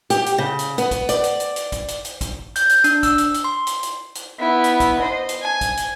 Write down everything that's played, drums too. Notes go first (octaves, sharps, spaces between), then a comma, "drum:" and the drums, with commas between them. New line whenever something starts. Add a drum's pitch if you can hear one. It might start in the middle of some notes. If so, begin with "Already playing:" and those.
G4, drum: hi-hat
drum: hi-hat
C#3
drum: hi-hat
B3, drum: hi-hat
drum: kick, hi-hat
D5, drum: hi-hat
drum: hi-hat
drum: hi-hat
drum: hi-hat
drum: kick, hi-hat
drum: hi-hat
drum: hi-hat
drum: kick, hi-hat
G6, drum: hi-hat
drum: hi-hat
D4, drum: hi-hat
E6, drum: kick, hi-hat
drum: hi-hat
drum: hi-hat
C6
drum: hi-hat
drum: hi-hat
drum: hi-hat
B3 E4
drum: hi-hat
drum: kick, hi-hat
C5 D#5
drum: hi-hat
G#5
drum: kick, hi-hat
drum: hi-hat